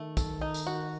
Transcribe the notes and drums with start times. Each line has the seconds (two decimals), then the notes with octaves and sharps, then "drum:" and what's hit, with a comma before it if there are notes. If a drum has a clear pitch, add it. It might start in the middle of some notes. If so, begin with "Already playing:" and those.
Already playing: D#3 A3
0.17 A4, drum: kick, tambourine
0.41 D#4
0.54 drum: tambourine
0.67 F#4